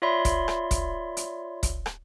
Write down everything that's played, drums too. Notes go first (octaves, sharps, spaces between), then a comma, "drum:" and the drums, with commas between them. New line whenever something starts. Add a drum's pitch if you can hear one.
F4 C#5 D5 E5 B5 C6
drum: kick, hi-hat
drum: rim click
drum: kick, hi-hat
drum: hi-hat
drum: kick, hi-hat
drum: rim click